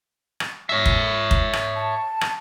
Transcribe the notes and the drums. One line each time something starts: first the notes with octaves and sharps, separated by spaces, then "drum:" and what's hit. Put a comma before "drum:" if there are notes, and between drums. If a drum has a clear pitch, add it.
drum: rim click
C#5 E5
drum: kick
drum: kick
drum: rim click
A5
drum: rim click